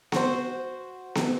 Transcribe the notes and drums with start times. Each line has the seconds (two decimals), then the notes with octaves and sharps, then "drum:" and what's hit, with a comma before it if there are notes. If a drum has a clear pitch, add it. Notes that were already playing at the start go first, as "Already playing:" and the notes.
0.12 F#4 C5, drum: snare B3
1.15 drum: snare B3